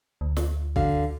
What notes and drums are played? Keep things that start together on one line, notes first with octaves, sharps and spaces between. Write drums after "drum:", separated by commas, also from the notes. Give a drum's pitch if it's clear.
D2
drum: snare
D3 F#4 F5, drum: kick